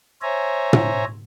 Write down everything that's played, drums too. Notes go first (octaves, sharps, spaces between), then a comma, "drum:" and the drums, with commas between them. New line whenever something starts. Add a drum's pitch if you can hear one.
C5 C#5 E5 G#5 A#5
drum: tom